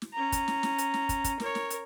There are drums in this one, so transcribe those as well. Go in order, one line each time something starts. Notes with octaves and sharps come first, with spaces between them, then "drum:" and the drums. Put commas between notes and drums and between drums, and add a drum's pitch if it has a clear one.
drum: snare
C#4 A#5
drum: kick, hi-hat
drum: snare
drum: snare
drum: hi-hat
drum: snare
drum: kick, hi-hat
drum: kick, hi-hat
A#4 C#5, drum: snare
drum: snare
drum: hi-hat